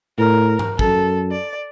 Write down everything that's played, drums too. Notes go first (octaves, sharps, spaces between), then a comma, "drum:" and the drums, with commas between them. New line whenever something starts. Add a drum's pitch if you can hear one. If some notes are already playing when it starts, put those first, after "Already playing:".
A2 A#4
drum: tom G#2
F#2 A4, drum: kick
D5